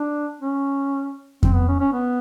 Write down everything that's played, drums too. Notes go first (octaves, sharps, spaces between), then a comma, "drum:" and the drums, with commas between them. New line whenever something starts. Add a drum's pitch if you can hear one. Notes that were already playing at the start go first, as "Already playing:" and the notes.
Already playing: D4
C#4
C4, drum: kick F2
B3
C#4
C#4
B3